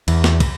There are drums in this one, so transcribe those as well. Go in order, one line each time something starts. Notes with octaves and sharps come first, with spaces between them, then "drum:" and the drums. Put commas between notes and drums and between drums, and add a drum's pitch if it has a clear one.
E2, drum: cymbal
drum: snare
drum: kick, cymbal